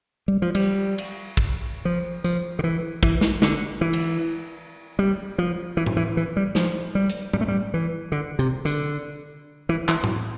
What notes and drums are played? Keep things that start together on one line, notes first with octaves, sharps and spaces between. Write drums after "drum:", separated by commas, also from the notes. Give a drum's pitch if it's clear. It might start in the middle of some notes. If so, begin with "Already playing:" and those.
G3
F3
G3, drum: cymbal
drum: cymbal
drum: kick
F3
F3, drum: tambourine
D3
E3
E3, drum: kick
drum: snare
D3, drum: snare
E3
drum: cymbal
G3
F3
E3
drum: tom A2
E3
E3
G3
F3, drum: snare
G3
drum: hi-hat
G3, drum: tom A2
A3
G3
E3
D3
C3
D3, drum: tambourine
E3
E3, drum: clap
drum: tom A2